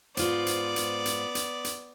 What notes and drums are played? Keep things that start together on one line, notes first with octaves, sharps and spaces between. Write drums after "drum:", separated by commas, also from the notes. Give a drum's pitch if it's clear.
G#2 B3 F4 C5 D5, drum: hi-hat
drum: hi-hat
drum: hi-hat
drum: hi-hat
drum: hi-hat
drum: hi-hat